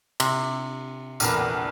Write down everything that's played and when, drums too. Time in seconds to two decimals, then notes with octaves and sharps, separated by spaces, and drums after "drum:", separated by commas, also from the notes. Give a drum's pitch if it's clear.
0.20 C3, drum: cymbal
1.20 A#1 E2 A4 A#4 B5, drum: tambourine